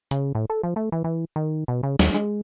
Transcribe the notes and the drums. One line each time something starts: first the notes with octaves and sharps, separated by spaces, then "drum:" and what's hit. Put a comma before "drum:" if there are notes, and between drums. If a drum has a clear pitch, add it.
C#3, drum: hi-hat
A2
A4
F3
A3
E3
E3
D#3
B2
C#3
D#2, drum: snare
G#3